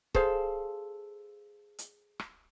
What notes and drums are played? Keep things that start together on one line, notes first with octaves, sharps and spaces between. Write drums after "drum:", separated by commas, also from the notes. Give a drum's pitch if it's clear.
G#4 A4 C5 F5, drum: kick C#1
drum: hi-hat
drum: rim click